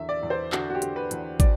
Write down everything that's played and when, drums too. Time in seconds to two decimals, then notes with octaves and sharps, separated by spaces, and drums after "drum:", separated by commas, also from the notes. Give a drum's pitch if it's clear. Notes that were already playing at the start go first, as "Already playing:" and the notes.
Already playing: E2 D3 E5
0.09 D5
0.23 E2
0.30 C5
0.52 D3 F#4, drum: clap
0.70 F#4
0.75 G4
0.82 D3, drum: hi-hat
0.96 B4
1.11 E2, drum: hi-hat
1.40 D5, drum: kick, hi-hat